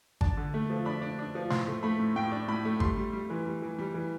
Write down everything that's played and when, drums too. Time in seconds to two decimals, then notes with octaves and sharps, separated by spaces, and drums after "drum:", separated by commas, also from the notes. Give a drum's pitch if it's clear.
0.21 D4 A5, drum: kick G#1
0.37 D3
0.54 A3
0.70 F3
0.85 D4 B5
1.02 D4
1.19 D4
1.35 F3
1.50 A2 C6, drum: snare
1.68 A3
1.83 A3 B5
1.99 A2
2.16 A2 G5
2.31 D4
2.48 A2 B5
2.65 A3
2.80 G3 C6, drum: kick G#1
2.97 G3
3.13 G3
3.30 E3
3.45 G3
3.62 E3
3.79 G3
3.94 E3